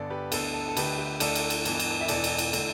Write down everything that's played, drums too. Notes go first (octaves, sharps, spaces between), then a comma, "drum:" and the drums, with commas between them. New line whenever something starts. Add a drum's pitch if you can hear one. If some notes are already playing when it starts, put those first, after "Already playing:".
Already playing: G1 G2 D3 B3 A4 D5
G4 B4
D2 D3 B3 A4, drum: cymbal
A4
A4
D2 D3 A3 G4 B4, drum: cymbal
G4
D2 D3 A3 A4 D5, drum: cymbal
drum: cymbal
drum: cymbal
G2 E3 B3, drum: cymbal
drum: cymbal
E5
E1 E2 E3 A4 D5, drum: cymbal
drum: cymbal
drum: cymbal
D3 A3, drum: cymbal